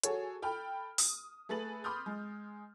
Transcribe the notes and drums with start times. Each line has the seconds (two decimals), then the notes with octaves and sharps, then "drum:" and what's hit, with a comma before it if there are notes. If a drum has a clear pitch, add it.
0.04 F#4 G#4 A4 C#5, drum: hi-hat
0.42 A4 G5 B5 F6
0.98 D#6, drum: open hi-hat
1.49 A3 G#4 A4 B4 A6 F#7
1.84 B5 C6 D6 D#6 F6 G6
2.06 G#3